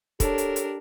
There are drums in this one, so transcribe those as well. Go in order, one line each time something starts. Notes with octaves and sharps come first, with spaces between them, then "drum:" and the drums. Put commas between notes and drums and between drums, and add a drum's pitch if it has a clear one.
D4 G4 A4 A#4 C#5, drum: kick, hi-hat
drum: hi-hat
drum: hi-hat